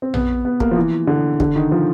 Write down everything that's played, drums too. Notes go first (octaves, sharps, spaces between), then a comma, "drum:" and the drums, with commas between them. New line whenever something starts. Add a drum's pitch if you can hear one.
C4
B3, drum: tom A#1
B3
A#3, drum: kick
F3
E3
D3
D3, drum: kick
D#3
F3